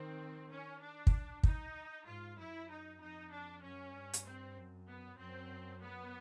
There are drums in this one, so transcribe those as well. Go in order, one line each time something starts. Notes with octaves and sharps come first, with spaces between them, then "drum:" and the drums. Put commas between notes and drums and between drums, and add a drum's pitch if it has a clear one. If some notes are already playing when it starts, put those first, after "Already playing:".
Already playing: D#3 C4
C#4
D4
drum: kick
D#4, drum: kick
G#2 F4
F#2 E4
D#4
F2 D#4
D4
F#2 C#4
G2
drum: hi-hat
C4
F#2
B3
F#2 C4
B3